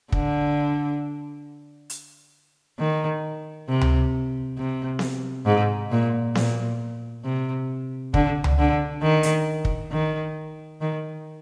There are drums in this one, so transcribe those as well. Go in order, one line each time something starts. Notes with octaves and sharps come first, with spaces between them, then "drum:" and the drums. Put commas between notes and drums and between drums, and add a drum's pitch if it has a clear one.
D3, drum: kick
drum: hi-hat
D#3
C3
drum: tom C#2
C3
drum: snare B3
G#2
A#2
A#2, drum: snare B3
C3
D3, drum: kick
drum: tom C#2
D3
D#3
drum: hi-hat
drum: kick
D#3
D#3